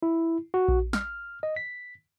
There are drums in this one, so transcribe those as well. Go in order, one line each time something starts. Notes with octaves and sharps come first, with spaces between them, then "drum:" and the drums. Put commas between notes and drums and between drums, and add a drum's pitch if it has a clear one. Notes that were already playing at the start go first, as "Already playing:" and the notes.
E4
F#4
drum: kick A#1
F6, drum: snare
D#5
B6